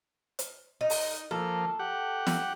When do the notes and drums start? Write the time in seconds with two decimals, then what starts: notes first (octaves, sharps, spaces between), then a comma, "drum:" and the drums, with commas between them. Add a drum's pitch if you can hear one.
0.39 drum: hi-hat
0.81 D#4
0.90 drum: open hi-hat
1.31 F3 A#3 A4
1.79 G4 F#5
2.27 drum: snare